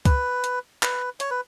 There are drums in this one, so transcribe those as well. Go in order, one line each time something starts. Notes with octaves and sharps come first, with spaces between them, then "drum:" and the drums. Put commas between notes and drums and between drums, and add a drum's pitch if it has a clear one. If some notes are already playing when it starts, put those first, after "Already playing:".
B4, drum: kick, hi-hat
drum: hi-hat
B4, drum: clap
C#5, drum: hi-hat
B4